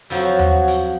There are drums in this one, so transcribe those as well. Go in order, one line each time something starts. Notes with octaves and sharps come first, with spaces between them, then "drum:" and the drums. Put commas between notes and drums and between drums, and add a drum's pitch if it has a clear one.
F2 F3 F#3 F#4, drum: hi-hat
drum: tom D#2
drum: hi-hat